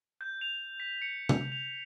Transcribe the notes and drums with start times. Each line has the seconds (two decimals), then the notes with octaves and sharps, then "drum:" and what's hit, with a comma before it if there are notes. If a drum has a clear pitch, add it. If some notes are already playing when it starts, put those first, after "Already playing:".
0.21 G6
0.41 F7
0.80 B6
1.02 C#7
1.29 drum: tom C3
1.52 F7